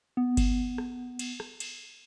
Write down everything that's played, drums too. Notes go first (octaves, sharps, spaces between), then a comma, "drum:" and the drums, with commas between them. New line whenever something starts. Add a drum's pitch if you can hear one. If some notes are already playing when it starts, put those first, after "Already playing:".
B3
drum: kick G1, cymbal
drum: rim click
drum: cymbal
drum: rim click
drum: cymbal